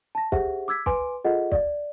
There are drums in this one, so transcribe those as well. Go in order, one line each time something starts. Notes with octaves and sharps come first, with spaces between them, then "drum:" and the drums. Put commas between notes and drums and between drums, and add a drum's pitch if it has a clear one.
A5 A#6
G4 G#4 C5 E5 F#5, drum: kick
D6 E6 G#6 B6
B4 G#5 C6 D6 D7, drum: kick
F4 G#4 A4 D#5 F#5
D5 F5, drum: kick